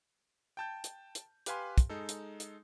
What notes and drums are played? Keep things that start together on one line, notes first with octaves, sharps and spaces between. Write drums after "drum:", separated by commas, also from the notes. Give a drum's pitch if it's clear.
G5 A5 G6
drum: hi-hat
drum: hi-hat
G4 B4 F5 G#5 C6, drum: hi-hat
drum: kick, hi-hat
G#3 D#4 A4
drum: hi-hat
drum: hi-hat